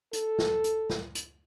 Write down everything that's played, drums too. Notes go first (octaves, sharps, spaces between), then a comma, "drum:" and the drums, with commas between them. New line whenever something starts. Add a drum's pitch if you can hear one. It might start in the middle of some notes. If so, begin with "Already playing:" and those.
A4, drum: hi-hat
drum: snare
drum: hi-hat
drum: snare
drum: hi-hat